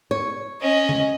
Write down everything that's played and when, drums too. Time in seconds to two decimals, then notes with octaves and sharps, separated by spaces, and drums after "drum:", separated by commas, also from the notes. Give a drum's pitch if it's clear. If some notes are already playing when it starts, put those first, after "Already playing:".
0.11 C#5
0.62 C#4 D#5
0.89 drum: tom C#3